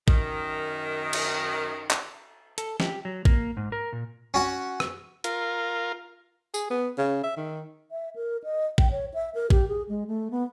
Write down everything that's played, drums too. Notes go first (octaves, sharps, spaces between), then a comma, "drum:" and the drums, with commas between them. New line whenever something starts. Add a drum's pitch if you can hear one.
F#2 D#3, drum: kick A1
drum: cymbal
drum: clap
A4, drum: hi-hat
G4, drum: snare
F#3
A#3, drum: kick A1
G#2
A#4
A#2
C#4 F#4 F#5
drum: rim click
F4 A#4, drum: hi-hat
G#4, drum: tambourine
B3
C#3
E5
D#3
E5
A#4
D#5
G5, drum: kick A1
C#5
E5
A#4
G4, drum: kick A1
G#4
G#3
A3
B3